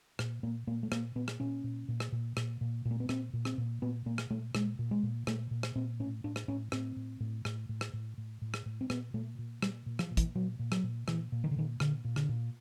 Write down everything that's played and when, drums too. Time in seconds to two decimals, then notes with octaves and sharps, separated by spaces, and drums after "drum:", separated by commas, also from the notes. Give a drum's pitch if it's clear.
0.19 A#2, drum: rim click
0.43 A#2 A#3
0.67 A#2 A#3
0.83 A3
0.92 A#2 A#3, drum: rim click
1.15 A#2 B3
1.28 drum: rim click
1.40 A#2 C#4
1.64 A#2
1.88 A#2
2.00 drum: rim click
2.12 A#2
2.37 A#2, drum: rim click
2.61 A#2
2.85 A#2
2.91 A#3
3.00 B3
3.09 A#2 C4, drum: rim click
3.33 A#2
3.45 C4, drum: rim click
3.58 A#2
3.82 A#2 B3
4.06 A#2 A#3
4.18 drum: rim click
4.30 A#2 A3
4.55 A#2 G#3, drum: rim click
4.79 A#2
4.91 G#3
5.03 A#2
5.27 A#2 A3, drum: rim click
5.51 A#2
5.63 drum: rim click
5.75 A#2 C4
6.00 A2 C#4
6.24 A2 D4
6.36 drum: rim click
6.48 A2 C#4
6.72 A2 C4, drum: rim click
6.96 A2
7.20 A2
7.45 A2, drum: rim click
7.69 A2
7.81 drum: rim click
7.93 A2
8.18 A2
8.42 A2
8.54 drum: rim click
8.66 A2
8.81 C4
8.90 A#2 B3, drum: rim click
9.14 A#2 A3
9.39 A#2
9.62 A#2 G3, drum: rim click
9.86 A#2
9.99 F3, drum: rim click
10.11 A#2
10.17 E3, drum: kick, hi-hat
10.35 A#2 F#3
10.59 A#2
10.72 F#3, drum: rim click
10.83 A#2
11.08 A#2 E3, drum: rim click
11.32 A#2
11.44 D#3
11.51 D3
11.56 A#2 D#3
11.80 A#2 D3, drum: rim click
12.05 A#2
12.16 D3, drum: rim click
12.29 A#2